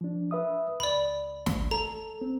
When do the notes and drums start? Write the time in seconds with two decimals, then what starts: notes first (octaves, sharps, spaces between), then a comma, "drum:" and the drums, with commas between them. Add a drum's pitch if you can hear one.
0.01 F3 D4
0.31 B4 E5 D#6
0.80 C#2 D5 B5
1.46 drum: snare
1.71 A4 A#5
2.21 C4